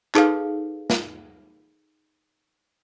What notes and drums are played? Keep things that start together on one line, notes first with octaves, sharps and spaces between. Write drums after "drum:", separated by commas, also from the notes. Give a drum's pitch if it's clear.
D#4 G#4 A4 B4 F5, drum: clap
drum: snare